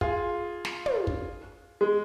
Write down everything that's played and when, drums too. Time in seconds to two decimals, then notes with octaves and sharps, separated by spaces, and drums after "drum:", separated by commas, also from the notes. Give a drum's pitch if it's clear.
0.01 F4 G#4, drum: kick
0.65 drum: snare
0.86 drum: tom
1.07 drum: kick
1.81 G#3